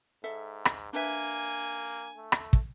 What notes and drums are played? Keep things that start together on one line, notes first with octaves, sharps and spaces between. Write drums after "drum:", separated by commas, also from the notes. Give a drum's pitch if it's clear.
G#2 A4 E5
drum: rim click
A#3 D4 B4 E5 G#5
A3
drum: rim click
drum: kick